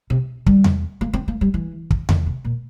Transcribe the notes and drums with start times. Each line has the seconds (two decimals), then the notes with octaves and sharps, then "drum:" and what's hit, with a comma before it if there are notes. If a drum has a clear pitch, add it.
0.10 C3
0.46 G3, drum: kick
0.64 drum: tom E2
1.01 A#3
1.13 C4
1.28 A#3
1.41 G3
1.54 E3
1.90 drum: kick
2.09 D3, drum: tom E2
2.26 C3
2.45 A#2